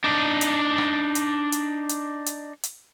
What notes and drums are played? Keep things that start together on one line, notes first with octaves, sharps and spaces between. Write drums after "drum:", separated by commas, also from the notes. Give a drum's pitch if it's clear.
D4 D#4
drum: hi-hat
drum: rim click
drum: hi-hat
drum: hi-hat
drum: hi-hat
drum: hi-hat
drum: hi-hat